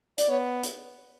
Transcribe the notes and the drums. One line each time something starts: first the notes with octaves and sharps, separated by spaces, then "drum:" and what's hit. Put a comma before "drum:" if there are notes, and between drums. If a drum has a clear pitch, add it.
D5, drum: hi-hat
B3 C#5
drum: hi-hat